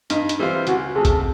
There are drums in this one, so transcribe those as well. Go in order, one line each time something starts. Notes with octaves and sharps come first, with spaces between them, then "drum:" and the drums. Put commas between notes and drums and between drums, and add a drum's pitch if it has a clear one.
G2 D#4, drum: hi-hat
drum: hi-hat
E3 G3 C4 E4 F4
C#2 F#4, drum: hi-hat
C3 F3 A3 G#4
drum: kick G1, hi-hat